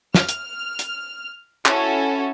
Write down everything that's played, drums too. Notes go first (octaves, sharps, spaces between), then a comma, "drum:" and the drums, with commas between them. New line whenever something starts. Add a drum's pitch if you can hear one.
F6, drum: snare
drum: hi-hat
drum: hi-hat
C#4 E4 F#4 A4, drum: clap